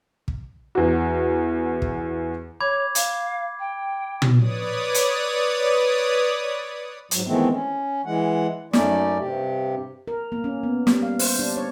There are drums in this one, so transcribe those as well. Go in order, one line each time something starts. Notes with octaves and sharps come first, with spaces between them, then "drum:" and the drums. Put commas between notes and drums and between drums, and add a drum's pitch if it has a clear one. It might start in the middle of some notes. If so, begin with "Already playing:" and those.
drum: kick
E2 F#4
drum: kick
C#5 B5 D6 G#6
F5, drum: hi-hat
G5
drum: tom
B4 C#5 D5 D#6
drum: hi-hat
G#2 F#3, drum: hi-hat
D#3 E3 G#3 A3 B3 C4
C#4
E3 G#3 F#5
F#2 A3 C#4 D#4 D5, drum: snare
G2 C3 G4
A#4
A#3
C#4
B3
G3, drum: snare
F5
C5, drum: open hi-hat
D4
C#5